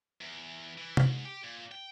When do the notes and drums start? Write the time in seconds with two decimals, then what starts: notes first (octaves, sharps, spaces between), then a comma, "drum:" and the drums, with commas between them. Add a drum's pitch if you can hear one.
0.21 E2
0.78 E3
0.97 G#2, drum: tom
1.25 G4
1.44 A#2
1.71 G5